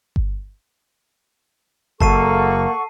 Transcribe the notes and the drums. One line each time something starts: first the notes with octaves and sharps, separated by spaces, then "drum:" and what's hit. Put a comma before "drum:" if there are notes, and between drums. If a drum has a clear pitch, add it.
drum: kick G1
F#1 A#3 A4 F#5 A5 C#6 C7 D#7, drum: kick G1